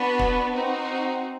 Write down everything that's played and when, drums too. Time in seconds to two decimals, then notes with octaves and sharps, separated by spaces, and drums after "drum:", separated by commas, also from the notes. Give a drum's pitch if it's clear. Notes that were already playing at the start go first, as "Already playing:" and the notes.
Already playing: B3 D4 F#4 B4
0.19 drum: kick
0.52 C4 D#4 F#4